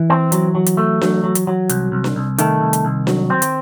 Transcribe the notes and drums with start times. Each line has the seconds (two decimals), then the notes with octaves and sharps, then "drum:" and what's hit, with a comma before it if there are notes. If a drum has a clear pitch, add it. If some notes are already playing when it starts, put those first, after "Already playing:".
Already playing: E3
0.10 C4
0.32 F#3, drum: hi-hat
0.55 F#3
0.66 drum: hi-hat
0.77 A3
1.01 F#3, drum: snare D4
1.24 F#3
1.35 drum: hi-hat
1.47 F#3
1.69 C2, drum: hi-hat
1.92 C2
2.04 drum: snare D4
2.16 C2
2.38 D#3 A3, drum: hi-hat
2.61 C2
2.73 drum: hi-hat
2.85 C2
3.07 F#3, drum: snare D4
3.30 C4
3.42 drum: hi-hat